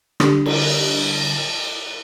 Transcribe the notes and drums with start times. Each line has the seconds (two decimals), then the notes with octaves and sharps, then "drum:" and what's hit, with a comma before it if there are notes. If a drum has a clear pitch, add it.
0.20 D3 G3, drum: rim click
0.46 drum: cymbal